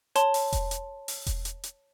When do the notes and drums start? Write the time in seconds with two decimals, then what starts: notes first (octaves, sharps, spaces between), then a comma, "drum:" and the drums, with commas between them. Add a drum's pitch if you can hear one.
0.16 C#5 A5 C6, drum: hi-hat
0.34 drum: open hi-hat
0.52 drum: kick E1, hi-hat
0.71 drum: hi-hat
1.08 drum: open hi-hat
1.26 drum: kick E1, hi-hat
1.45 drum: hi-hat
1.63 drum: hi-hat